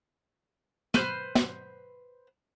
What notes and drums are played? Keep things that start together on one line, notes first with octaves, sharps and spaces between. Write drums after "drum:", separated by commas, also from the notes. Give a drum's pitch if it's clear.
B4 C5 F6, drum: snare
drum: snare